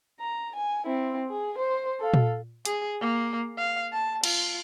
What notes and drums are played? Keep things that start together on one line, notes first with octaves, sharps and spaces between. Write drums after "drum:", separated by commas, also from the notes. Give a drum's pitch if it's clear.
A#5
G#5
C4 E4
G#4
C5
A4 F5
drum: tom A#2
G#4, drum: hi-hat
A#3
F5
A5
F4, drum: cymbal